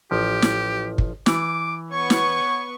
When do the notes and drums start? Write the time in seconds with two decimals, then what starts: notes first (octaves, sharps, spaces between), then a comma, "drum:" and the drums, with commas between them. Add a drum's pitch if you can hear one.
0.11 A1 F3 G4
0.42 drum: snare
0.98 drum: kick
1.26 E3 D6, drum: snare
1.92 B3 C#5 C#6
2.10 drum: snare